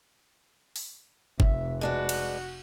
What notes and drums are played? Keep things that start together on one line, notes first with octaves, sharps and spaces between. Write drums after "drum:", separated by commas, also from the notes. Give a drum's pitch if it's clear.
drum: open hi-hat
F1 E5, drum: kick
G#3 D4 F#4 B4
drum: cymbal